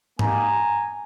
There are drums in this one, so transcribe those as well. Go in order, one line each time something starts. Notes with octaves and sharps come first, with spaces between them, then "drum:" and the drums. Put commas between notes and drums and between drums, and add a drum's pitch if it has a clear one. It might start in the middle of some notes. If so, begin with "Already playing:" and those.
A#3 D#4 G4 G#5 A#5, drum: tom G#2